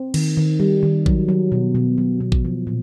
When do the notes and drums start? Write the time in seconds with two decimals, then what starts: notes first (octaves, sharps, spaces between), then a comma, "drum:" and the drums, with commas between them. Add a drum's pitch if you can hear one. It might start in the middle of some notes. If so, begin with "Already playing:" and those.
Already playing: C4
0.14 D#3, drum: cymbal
0.37 D#3
0.60 G3
0.83 D#3
1.06 F#3, drum: kick A1
1.29 F#3
1.52 B2
1.75 B2
1.98 F#3
2.20 B2
2.32 drum: kick A1
2.45 F3
2.67 A#2